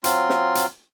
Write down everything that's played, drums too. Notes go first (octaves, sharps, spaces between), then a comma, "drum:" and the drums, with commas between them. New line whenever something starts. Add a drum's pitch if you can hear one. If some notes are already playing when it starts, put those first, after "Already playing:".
F#3 C4 F4 C6, drum: hi-hat
drum: snare
drum: hi-hat